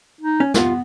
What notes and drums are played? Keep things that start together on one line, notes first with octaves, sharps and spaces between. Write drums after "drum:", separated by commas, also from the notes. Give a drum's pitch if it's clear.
D#4
C#4
C2 B3 F4, drum: snare